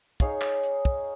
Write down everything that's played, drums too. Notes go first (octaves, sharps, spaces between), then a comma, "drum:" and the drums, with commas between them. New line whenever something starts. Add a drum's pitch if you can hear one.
D#4 G#4 C#5 F5, drum: kick, hi-hat
drum: clap
drum: hi-hat
drum: kick